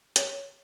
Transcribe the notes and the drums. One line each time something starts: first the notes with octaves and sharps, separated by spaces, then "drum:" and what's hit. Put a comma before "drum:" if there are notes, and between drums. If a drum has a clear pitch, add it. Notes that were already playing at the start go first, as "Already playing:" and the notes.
C#5, drum: hi-hat